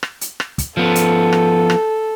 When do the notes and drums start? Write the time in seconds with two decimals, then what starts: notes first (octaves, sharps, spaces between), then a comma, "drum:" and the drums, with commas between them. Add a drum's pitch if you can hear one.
0.03 drum: rim click
0.21 drum: hi-hat
0.40 drum: rim click
0.58 drum: kick, hi-hat
0.77 F3 B3 A4
0.95 drum: hi-hat
1.33 drum: rim click
1.70 drum: rim click